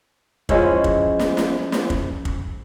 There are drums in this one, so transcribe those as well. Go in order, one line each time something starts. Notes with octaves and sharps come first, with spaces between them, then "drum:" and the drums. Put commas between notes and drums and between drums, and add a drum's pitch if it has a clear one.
F3 G#3 C#4 E4, drum: kick
drum: kick
drum: snare
drum: snare
drum: snare
drum: kick
drum: kick